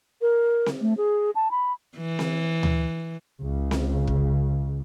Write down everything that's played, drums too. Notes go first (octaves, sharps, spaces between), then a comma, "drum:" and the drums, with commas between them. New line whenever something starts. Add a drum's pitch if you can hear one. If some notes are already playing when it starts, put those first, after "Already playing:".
A#4
drum: snare C4
A3
G#4
A5
B5
E3
drum: snare C4
drum: tom D2
C#2 C#3
drum: snare C4
drum: kick